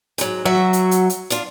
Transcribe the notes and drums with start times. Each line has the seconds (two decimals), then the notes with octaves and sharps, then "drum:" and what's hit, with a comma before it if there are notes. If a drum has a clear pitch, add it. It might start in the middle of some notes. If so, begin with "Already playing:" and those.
0.18 G#2 F#3, drum: hi-hat
0.45 F#3 F#4 E5
0.55 drum: snare
0.73 drum: hi-hat
0.91 drum: hi-hat
1.10 drum: hi-hat
1.30 D4 F4, drum: hi-hat